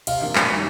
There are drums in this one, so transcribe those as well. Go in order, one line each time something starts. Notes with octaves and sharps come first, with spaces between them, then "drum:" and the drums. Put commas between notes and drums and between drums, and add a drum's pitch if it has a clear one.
C3 F5, drum: cymbal
F3 A#3 D4
F#2, drum: clap
D#3 G3